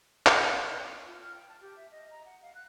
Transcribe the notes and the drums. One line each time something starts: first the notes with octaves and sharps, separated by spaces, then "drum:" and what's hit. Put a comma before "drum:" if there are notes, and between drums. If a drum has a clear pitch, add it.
drum: clap
F4
F6
G5
A5
G4
E5
D#5
A#5
F#5
F5
F#6